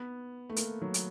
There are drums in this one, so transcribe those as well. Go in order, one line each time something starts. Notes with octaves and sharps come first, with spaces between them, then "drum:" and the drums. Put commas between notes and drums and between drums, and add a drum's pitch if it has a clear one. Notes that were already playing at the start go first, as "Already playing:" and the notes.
Already playing: B3
A3
A#3, drum: hi-hat
F#3
drum: hi-hat